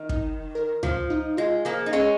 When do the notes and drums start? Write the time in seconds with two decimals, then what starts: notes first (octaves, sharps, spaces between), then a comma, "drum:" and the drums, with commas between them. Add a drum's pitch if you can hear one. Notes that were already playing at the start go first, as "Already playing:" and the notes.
Already playing: D#3
0.09 D#4, drum: kick
0.55 A#4
0.83 F3 F4, drum: tom C#2
1.10 D#4
1.37 G#3 F4
1.65 F3 A#3 G#4
1.86 D#4
1.93 G#3 C#4 G#4